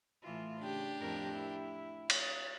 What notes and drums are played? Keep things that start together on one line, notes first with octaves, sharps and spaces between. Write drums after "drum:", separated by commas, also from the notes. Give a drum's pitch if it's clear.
A2 E3 F4
C#3 D4 G4
F2 A2 A#4
E4
C#5, drum: cymbal